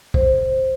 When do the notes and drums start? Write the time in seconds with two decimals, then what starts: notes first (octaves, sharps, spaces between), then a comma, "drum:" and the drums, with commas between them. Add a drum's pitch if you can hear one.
0.14 C5, drum: kick